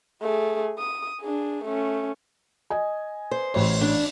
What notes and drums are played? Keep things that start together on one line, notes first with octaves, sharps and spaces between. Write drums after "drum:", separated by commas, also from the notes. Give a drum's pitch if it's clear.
A3 G#4
D#6
D4 G#4
A3 C#4
D#5 G#5
C5
A1 C#5, drum: cymbal
D4